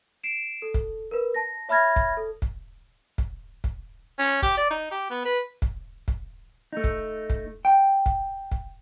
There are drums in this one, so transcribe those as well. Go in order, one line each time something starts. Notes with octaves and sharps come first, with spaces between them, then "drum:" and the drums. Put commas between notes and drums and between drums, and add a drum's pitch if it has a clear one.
C7 D7 E7
A4
drum: kick
A#4 B4
A5 A#6
C#5 E5 B5 F6 G#6 A#6
drum: kick
A4
drum: kick
drum: kick
drum: kick
C#4
G4, drum: kick
D5
D#4
G4
B3
B4
drum: kick
drum: kick
A3 D#4
drum: kick
drum: kick
G5
drum: kick
drum: kick